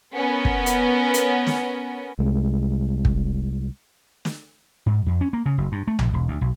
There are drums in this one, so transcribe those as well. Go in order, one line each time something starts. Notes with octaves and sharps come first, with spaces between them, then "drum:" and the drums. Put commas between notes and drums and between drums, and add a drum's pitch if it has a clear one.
B3 C#4 A#4
drum: kick
drum: hi-hat
drum: hi-hat
drum: snare
C2 G#3
drum: kick
drum: snare
G#2
F2
C#4
A#3
C#3
F#1
G2
A3
A#1, drum: tom B1
E1
D2
B1